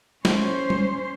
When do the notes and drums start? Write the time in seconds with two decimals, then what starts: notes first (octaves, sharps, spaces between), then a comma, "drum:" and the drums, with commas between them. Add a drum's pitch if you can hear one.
0.25 C#4 C5, drum: snare
0.70 drum: tom G3